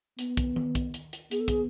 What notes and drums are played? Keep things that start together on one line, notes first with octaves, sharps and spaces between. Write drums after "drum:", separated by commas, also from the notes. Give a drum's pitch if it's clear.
B3, drum: hi-hat
drum: kick, hi-hat
drum: tom D#3
drum: kick, hi-hat
drum: hi-hat
drum: hi-hat
B3 G#4, drum: hi-hat
A4
G#4, drum: kick, hi-hat